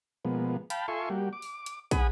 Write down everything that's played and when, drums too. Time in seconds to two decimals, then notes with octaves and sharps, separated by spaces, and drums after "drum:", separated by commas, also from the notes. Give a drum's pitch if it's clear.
0.25 B2 F3 G#3 A#3 B3
0.70 F5 G5 A5 B5, drum: hi-hat
0.88 F4 A4 E5 G#5 C6 C#6
1.10 G3 A#3 F#4 G4
1.33 D6
1.42 drum: open hi-hat
1.66 drum: hi-hat
1.91 G#4 F#5 G#5 B5 D#6, drum: kick, hi-hat